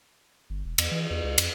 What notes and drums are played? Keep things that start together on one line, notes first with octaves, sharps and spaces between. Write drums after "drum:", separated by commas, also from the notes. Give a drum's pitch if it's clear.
G1
E1
E2, drum: cymbal
E3
E2
C#2
F2, drum: cymbal